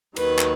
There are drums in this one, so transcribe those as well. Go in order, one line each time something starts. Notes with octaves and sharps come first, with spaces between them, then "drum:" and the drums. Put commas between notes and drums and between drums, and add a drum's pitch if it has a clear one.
D#2 D#3 F#3 B4, drum: cymbal
drum: clap